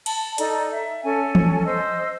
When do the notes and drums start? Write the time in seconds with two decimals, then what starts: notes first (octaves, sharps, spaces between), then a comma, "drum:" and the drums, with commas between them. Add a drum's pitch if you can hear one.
0.06 A5, drum: cymbal
0.38 D#4 A4 D5 A#5, drum: hi-hat
0.72 E5
1.04 C#4 A4 G#5
1.35 drum: tom E3
1.65 C5 D#5 E6